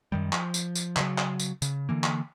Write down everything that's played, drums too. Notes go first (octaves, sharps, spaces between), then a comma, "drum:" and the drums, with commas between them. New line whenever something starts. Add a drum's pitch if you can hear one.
F#2 D#3 G3
F3, drum: clap
drum: tambourine
drum: tambourine
C#3 F#3, drum: clap
drum: clap
drum: tambourine
C#3, drum: tambourine
D3 E3 A#3
drum: clap